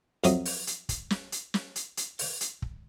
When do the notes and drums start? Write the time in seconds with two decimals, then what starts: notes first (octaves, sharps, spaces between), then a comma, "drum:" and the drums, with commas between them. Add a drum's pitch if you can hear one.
0.24 F2 F#3 E5 D#6, drum: hi-hat
0.45 drum: open hi-hat
0.67 drum: hi-hat
0.89 drum: kick, hi-hat
1.10 drum: snare
1.32 drum: hi-hat
1.54 drum: snare
1.76 drum: hi-hat
1.97 drum: hi-hat
2.19 drum: open hi-hat
2.41 drum: hi-hat
2.62 drum: kick